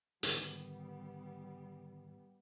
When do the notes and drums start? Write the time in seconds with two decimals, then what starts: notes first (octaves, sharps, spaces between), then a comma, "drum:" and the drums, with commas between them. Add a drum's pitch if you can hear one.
0.23 G#2 D3 D#3 G3 B3, drum: hi-hat